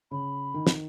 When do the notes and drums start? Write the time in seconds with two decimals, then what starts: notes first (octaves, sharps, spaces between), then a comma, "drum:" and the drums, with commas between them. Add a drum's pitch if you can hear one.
0.11 C#3 B5
0.54 D#3
0.67 drum: snare